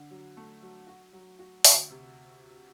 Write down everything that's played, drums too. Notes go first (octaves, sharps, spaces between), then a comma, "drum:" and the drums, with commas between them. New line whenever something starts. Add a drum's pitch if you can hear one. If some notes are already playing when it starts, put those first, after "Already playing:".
Already playing: D3
F#3
A3
F#3
F#4
F#3
F#4
D2, drum: open hi-hat
C3